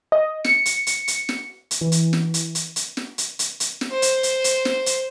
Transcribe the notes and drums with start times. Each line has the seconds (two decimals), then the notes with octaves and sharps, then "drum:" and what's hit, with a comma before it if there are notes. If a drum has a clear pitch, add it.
0.12 D#5
0.44 C#7, drum: snare
0.66 drum: hi-hat
0.87 drum: hi-hat
1.08 drum: hi-hat
1.29 drum: snare
1.71 drum: hi-hat
1.81 E3
1.92 drum: hi-hat
2.13 drum: snare
2.34 drum: hi-hat
2.55 drum: hi-hat
2.76 drum: hi-hat
2.97 drum: snare
3.18 drum: hi-hat
3.39 drum: hi-hat
3.60 drum: hi-hat
3.81 drum: snare
3.91 C5
4.02 drum: hi-hat
4.23 drum: hi-hat
4.44 drum: hi-hat
4.65 drum: snare
4.86 drum: hi-hat